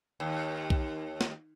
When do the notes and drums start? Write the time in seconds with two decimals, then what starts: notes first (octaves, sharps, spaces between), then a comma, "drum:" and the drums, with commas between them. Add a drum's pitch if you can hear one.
0.20 D#2
0.70 drum: kick B1
1.21 drum: snare